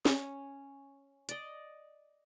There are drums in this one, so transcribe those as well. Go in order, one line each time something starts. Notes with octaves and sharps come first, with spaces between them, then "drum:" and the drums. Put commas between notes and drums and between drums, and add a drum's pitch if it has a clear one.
C#4, drum: snare
D5 D#5, drum: hi-hat